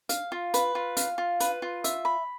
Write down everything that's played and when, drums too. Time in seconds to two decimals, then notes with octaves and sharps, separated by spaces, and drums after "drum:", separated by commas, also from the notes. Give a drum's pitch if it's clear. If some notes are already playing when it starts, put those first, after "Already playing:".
0.09 F5, drum: hi-hat
0.32 F4
0.54 B4, drum: hi-hat
0.75 F4
0.97 F5, drum: hi-hat
1.18 F4
1.40 B4, drum: hi-hat
1.62 F4
1.84 E5, drum: hi-hat
2.05 B5